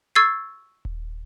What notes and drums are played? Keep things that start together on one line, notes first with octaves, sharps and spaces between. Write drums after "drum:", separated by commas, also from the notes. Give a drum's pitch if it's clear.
C#6 E6 G#6 A6 C7
drum: kick D#1